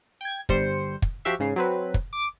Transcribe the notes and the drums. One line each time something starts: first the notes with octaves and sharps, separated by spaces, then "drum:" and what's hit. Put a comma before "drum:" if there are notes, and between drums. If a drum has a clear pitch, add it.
G5 G#6
G1 G3 C5 C#7, drum: kick
drum: kick
F3 F#4 G4 E5 C7
G#2 C#3 C7
F#3 C4 B4
drum: kick
D6